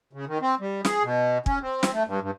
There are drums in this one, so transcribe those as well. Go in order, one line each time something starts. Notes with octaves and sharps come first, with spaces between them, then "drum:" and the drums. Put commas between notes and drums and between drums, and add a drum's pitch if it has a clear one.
C#3
D#3
C4
G3
G#4, drum: snare
B2
C#4, drum: kick
C4
drum: snare
A3
G2
G2